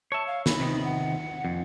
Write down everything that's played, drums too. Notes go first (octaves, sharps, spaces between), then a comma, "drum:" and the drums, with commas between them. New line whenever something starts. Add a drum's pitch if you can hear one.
C#5 E5 A5
F5
B5, drum: snare
C3 D#3 B3
F#5
F2